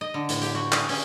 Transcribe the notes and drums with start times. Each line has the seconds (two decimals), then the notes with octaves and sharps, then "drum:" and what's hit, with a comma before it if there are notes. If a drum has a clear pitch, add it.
0.01 D#5
0.14 D3
0.29 A2, drum: hi-hat
0.42 G4, drum: hi-hat
0.55 F#4
0.72 G#4, drum: clap
0.89 C#4, drum: open hi-hat